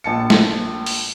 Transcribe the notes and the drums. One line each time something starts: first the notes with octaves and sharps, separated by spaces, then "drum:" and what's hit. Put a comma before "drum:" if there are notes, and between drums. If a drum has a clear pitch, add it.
A#1 A5 C#7
drum: snare
drum: open hi-hat